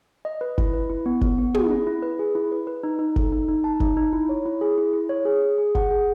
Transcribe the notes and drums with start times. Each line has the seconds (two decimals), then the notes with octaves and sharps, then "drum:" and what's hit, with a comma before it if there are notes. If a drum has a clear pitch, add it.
0.25 D#5
0.41 B4
0.58 E4, drum: kick
0.73 B4
0.90 E4
1.06 B3
1.21 B3, drum: kick
1.39 B3
1.54 G#4, drum: tom
1.71 E4
1.87 E4
2.02 B4
2.19 G#4
2.35 E4
2.52 B4
2.67 B4
2.83 D#4
2.99 D#4
3.16 A4, drum: kick
3.32 D#4
3.49 D#4
3.64 A5
3.80 D#4, drum: kick
3.97 D#4
4.13 E4
4.29 C#5
4.46 E4
4.61 G#4
4.78 E4
4.93 E4
5.09 C#5
5.25 G#4
5.42 G#4
5.58 G#4
5.75 F#5, drum: kick
5.91 G#4